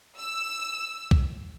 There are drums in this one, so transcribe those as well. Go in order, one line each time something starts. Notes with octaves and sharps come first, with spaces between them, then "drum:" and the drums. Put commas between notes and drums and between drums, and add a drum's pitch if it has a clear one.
E6
drum: kick C2